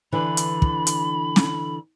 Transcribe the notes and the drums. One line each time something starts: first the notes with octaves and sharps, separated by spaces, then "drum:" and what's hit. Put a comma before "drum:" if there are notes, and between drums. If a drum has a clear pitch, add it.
D3 E3 D4 B5
drum: hi-hat
drum: kick
drum: hi-hat
drum: snare